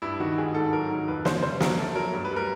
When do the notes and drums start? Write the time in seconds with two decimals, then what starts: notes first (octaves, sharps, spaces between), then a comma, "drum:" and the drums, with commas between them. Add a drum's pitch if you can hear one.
0.02 G2 E4
0.20 D#3 F#4
0.38 G#2 G#4
0.55 G#2 A4
0.73 F#3 A#4
0.90 D#3
1.08 F2 B4
1.25 C#3 C5, drum: snare
1.43 G3 C5
1.60 F#2 A#4, drum: snare
1.78 A3 A4
1.95 F#3 A#4
2.13 G2
2.25 B4
2.31 G3
2.36 A#4